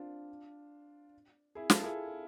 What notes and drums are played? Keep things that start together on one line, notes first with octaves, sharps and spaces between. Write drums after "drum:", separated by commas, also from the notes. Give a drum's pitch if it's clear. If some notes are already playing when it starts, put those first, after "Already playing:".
Already playing: C4 D4 F4
E4 G#4
F4 A4, drum: snare
E4 G#4